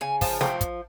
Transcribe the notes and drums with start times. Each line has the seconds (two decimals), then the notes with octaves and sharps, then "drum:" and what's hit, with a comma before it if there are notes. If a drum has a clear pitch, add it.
0.01 C#3 G#5
0.21 F3 A5, drum: kick, open hi-hat
0.41 F3 G5, drum: snare
0.61 drum: kick, hi-hat